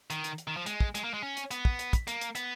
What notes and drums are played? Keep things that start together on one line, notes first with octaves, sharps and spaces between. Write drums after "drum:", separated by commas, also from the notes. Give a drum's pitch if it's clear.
D#3, drum: hi-hat
drum: hi-hat
drum: hi-hat
D#3
F3
G#3, drum: hi-hat
drum: kick
G#3, drum: hi-hat
A#3
G#3
C#4
drum: hi-hat
B3, drum: hi-hat
drum: kick
drum: hi-hat
drum: kick, hi-hat
A#3, drum: hi-hat
drum: hi-hat
B3, drum: hi-hat